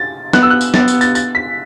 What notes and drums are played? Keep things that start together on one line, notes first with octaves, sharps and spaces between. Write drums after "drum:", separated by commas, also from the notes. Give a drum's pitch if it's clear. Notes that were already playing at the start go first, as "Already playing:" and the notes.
Already playing: A6
B3 F#6, drum: snare
E6
F#6
drum: tambourine
B3 A6, drum: snare
drum: tambourine
A6, drum: tambourine
A6, drum: tambourine
B6